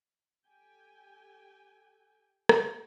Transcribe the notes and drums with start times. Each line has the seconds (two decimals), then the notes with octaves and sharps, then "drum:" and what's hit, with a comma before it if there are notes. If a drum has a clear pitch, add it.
0.47 G4 A4 G5 G#5
2.49 drum: rim click